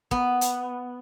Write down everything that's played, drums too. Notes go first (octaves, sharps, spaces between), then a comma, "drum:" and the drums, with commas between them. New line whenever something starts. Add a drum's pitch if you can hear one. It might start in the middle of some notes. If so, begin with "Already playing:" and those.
B3, drum: kick
drum: hi-hat